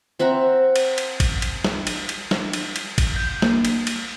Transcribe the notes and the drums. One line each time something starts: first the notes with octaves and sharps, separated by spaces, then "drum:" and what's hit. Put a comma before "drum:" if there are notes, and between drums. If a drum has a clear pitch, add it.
C4 E5 F#5 A#5
drum: cymbal
drum: cymbal
drum: kick, cymbal
drum: cymbal
drum: snare
drum: cymbal
drum: cymbal
drum: snare
drum: cymbal
drum: cymbal
drum: kick, cymbal
G6
A#3, drum: snare
drum: cymbal
drum: cymbal